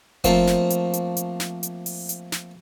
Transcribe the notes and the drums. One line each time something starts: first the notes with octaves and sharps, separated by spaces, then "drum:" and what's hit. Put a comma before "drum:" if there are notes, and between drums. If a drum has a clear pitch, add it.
F3 A3 A#3 C4, drum: kick F#1, hi-hat
drum: snare
drum: hi-hat
drum: hi-hat
drum: hi-hat
drum: snare
drum: hi-hat
drum: open hi-hat
drum: hi-hat
drum: snare